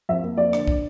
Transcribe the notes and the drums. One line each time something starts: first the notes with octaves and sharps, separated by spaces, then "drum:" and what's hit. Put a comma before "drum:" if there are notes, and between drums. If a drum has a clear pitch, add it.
F2 E5
A#3
F2 D5
D3, drum: rim click
drum: kick